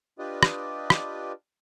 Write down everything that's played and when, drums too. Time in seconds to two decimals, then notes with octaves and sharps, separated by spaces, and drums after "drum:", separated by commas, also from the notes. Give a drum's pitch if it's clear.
0.19 D4 F4 G4 B4 D5 D#5
0.43 drum: rim click
0.90 drum: rim click